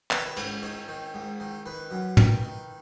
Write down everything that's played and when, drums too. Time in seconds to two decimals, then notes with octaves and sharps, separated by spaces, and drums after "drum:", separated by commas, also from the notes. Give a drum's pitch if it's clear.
0.11 D#3 B4, drum: clap
0.19 C#5
0.27 B4
0.36 G#2 C#5, drum: cymbal
0.63 D#3 C#5
0.88 D#3
1.14 G#2
1.40 D#3
1.66 D#3 B4
1.91 F#2
2.17 D#3, drum: tom
2.43 D#3